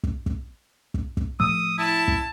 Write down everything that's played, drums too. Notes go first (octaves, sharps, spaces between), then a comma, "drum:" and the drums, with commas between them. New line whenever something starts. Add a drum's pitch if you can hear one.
drum: kick
drum: kick
drum: kick
drum: kick
A2 F3 A3 D#6 E6
E4 A5
drum: kick